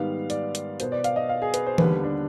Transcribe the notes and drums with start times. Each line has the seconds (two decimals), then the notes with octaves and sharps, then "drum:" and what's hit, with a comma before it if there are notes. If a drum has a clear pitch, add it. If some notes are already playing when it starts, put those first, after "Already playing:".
Already playing: G#2 D#3 G3 B3 F5
0.30 D5, drum: hi-hat
0.55 drum: hi-hat
0.80 B2 B3 C5, drum: hi-hat
0.92 D5
1.04 F5, drum: hi-hat
1.16 D#5
1.29 F5
1.42 G#4
1.54 B4, drum: hi-hat
1.67 C5
1.78 D#2 D3 G3 B3 B4, drum: tom E3
2.04 D4